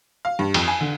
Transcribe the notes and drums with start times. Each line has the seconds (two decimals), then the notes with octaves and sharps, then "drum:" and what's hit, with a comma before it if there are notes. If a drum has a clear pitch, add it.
0.25 F5
0.39 G2
0.54 F2, drum: cymbal
0.68 G#5
0.81 D3